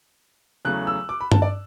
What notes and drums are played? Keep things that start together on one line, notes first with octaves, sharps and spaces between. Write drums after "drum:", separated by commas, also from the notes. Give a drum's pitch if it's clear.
E2 C#3 F#3 A3 F#6
E6
D6
B5
A5, drum: tom G2
D5